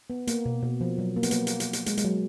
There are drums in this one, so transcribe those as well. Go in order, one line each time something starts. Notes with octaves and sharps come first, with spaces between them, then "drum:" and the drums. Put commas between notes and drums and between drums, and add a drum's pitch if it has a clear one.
B3
A#3, drum: hi-hat
B2
B2
F3
F#3
A#3
B3, drum: hi-hat
A#3, drum: hi-hat
drum: hi-hat
drum: hi-hat
drum: hi-hat
G#3, drum: hi-hat
G#3, drum: hi-hat
F#3